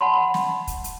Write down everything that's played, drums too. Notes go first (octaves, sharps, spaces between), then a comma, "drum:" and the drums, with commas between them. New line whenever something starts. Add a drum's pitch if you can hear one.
F#5 A5 B5 C6
drum: snare
drum: kick, hi-hat
drum: hi-hat